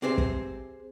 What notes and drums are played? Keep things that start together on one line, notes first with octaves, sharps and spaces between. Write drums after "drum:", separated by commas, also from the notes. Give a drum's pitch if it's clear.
C4 G4 G#4 C5
drum: kick